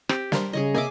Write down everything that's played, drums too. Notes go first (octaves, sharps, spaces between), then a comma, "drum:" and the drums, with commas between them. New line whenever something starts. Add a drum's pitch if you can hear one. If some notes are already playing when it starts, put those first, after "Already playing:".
C4 G4, drum: rim click
G3 D4 A#4 C5, drum: snare
C#3 G#4 C#5 D#5
C3 A#3 G#4 D#5 E5 G#5 D6